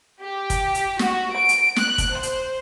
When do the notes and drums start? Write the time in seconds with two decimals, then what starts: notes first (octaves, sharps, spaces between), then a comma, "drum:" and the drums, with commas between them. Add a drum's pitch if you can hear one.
0.21 G4
0.50 drum: kick, hi-hat
0.75 drum: hi-hat
0.99 F#4, drum: snare
1.33 D7
1.49 drum: hi-hat
1.76 F#6, drum: snare
1.98 drum: kick, hi-hat
2.13 C5
2.23 drum: hi-hat